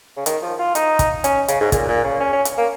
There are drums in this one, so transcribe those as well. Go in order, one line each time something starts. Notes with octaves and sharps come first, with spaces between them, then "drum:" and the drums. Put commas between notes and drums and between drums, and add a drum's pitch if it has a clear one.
C#3
D#3, drum: hi-hat
F3
F4
D#4, drum: hi-hat
drum: kick, hi-hat
C#4, drum: hi-hat
C#3, drum: hi-hat
G#2
A#2, drum: kick, hi-hat
A#2
C#3
C#4
C#4
drum: hi-hat
A#3